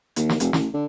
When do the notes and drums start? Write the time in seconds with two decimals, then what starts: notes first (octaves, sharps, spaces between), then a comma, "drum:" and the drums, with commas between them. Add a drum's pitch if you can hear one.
0.16 D#2, drum: hi-hat
0.29 drum: snare
0.40 F1, drum: hi-hat
0.53 A1, drum: snare
0.73 D3